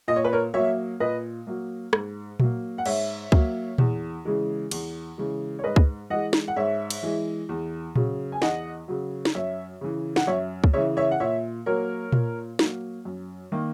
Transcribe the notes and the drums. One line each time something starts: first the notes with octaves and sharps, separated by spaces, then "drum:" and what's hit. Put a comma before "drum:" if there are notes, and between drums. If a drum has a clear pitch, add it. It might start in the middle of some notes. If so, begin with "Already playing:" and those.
A#2 D#5
C#5
B4
A#4 C#5
F#3 A#3 C#5 E5
A#2 B4 D#5
F#3 A#3
G#2, drum: rim click
F#3 A#3, drum: tom A#2
F#5
G#2 C#5 E5, drum: cymbal
F#3 A#3, drum: kick C#2
E2, drum: tom A#2
C#3 E3 G#3
E2, drum: cymbal
C#3 E3 G#3
C#5
G#2 B4 D#5
drum: kick C#2
E3 G#3 D#5 F#5
drum: snare
F#5
G#2 C#5 E5
drum: cymbal
E3 G#3
E2
C#3 F#3, drum: tom A#2
G#5
E2 D#5 F#5, drum: snare
C#3 F#3
drum: snare
F#2 C#5 E5
C#3 E3
F#5, drum: snare
F#2 C#5 E5
drum: kick C#2
C#3 E3 C#5 E5
C#5 E5
F#5
A#2 C#5 E5
F#3 A#3 A#4 C#5
A#2, drum: tom A#2
F#3 A#3, drum: snare
F#2
D#3 A#3